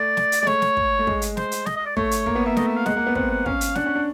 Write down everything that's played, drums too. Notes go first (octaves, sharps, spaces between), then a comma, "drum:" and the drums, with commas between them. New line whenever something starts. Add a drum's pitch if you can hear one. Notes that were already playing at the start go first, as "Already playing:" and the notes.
Already playing: A3 D5
drum: snare
drum: hi-hat
G#3 D5
A3 C#5, drum: snare
drum: snare
drum: kick
A3
G#3, drum: kick
drum: hi-hat
C5, drum: snare
drum: hi-hat
D#5, drum: snare
D#5
D5
A3 C#5, drum: kick
drum: hi-hat
A#3, drum: kick
B3
A#3 E5
A3 D#5, drum: snare
E5
F5
G#3 F#5, drum: snare
A#3
B3
C4 F#5, drum: kick
F#5
C#4 F5, drum: kick
drum: hi-hat
D4 F#5, drum: snare
C#4
D4